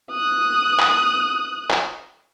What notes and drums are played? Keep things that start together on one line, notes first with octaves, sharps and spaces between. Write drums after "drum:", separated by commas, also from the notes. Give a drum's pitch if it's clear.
D#6 F#6
drum: clap
drum: clap